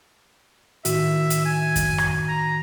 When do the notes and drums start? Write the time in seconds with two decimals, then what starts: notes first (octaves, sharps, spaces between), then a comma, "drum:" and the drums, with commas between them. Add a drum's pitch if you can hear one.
0.85 A2 D#3 F#4 E5, drum: hi-hat
1.30 drum: hi-hat
1.46 G#5
1.76 drum: kick F#2, hi-hat
1.98 drum: rim click
2.28 A#5